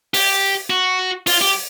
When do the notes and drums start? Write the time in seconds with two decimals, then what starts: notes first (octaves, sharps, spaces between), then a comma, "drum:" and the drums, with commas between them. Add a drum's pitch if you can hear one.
0.14 G4, drum: open hi-hat
0.70 F#4
1.27 F4, drum: open hi-hat
1.41 G4